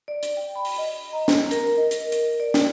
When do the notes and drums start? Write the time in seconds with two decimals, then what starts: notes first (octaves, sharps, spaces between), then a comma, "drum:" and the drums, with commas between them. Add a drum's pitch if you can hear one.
0.08 D5
0.23 drum: hi-hat
0.37 G5
0.55 B5
0.65 drum: open hi-hat
0.78 D#5
1.13 A#5
1.28 drum: snare
1.51 A#4, drum: hi-hat
1.77 D#5
1.91 A#4, drum: hi-hat
2.12 drum: hi-hat
2.40 D5
2.54 drum: snare